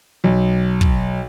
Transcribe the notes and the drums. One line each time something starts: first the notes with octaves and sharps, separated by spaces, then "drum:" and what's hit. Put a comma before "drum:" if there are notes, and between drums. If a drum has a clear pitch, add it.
B1
drum: kick